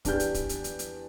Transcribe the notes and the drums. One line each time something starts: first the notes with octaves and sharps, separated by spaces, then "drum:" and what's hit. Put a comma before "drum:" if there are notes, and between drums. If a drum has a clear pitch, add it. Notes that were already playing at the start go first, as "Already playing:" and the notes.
E2 D4 G4 G6, drum: kick, hi-hat
drum: hi-hat
drum: kick, hi-hat
drum: hi-hat
drum: hi-hat
drum: hi-hat